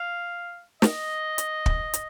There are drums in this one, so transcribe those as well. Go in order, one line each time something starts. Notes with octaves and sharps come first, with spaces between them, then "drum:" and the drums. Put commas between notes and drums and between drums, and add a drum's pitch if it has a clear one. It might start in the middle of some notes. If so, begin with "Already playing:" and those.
Already playing: F5
D#5, drum: snare
drum: hi-hat
drum: kick
drum: hi-hat